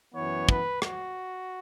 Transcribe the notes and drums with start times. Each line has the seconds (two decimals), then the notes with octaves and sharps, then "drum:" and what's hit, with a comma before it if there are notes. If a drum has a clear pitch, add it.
0.14 F#2 E3 B3 C#5
0.49 B4, drum: kick
0.82 F#4, drum: rim click